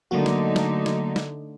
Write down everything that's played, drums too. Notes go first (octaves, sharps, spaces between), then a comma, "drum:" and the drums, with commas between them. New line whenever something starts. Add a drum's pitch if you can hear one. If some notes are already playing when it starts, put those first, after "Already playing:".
D3 F#3 A3 A#3 D#4 F#4
drum: snare
drum: snare
drum: snare
drum: snare